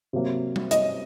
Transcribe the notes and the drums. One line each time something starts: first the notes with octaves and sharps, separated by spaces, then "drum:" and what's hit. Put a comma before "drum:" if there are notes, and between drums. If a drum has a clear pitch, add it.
C3 F#3 A#3
drum: tom G3
D#5, drum: hi-hat